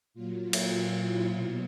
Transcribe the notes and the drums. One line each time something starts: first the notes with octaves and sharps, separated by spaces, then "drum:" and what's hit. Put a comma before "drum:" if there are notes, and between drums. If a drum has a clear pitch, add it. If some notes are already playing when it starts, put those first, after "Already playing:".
A#2 F#3 F4
F4
drum: cymbal
F4
E4
B2 F#3 F4